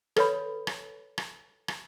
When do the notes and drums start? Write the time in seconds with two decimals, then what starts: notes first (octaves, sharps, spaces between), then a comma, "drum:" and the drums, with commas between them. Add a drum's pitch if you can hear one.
0.16 A4 B4 C#5 B5, drum: rim click
0.67 drum: rim click
1.18 drum: rim click
1.68 drum: rim click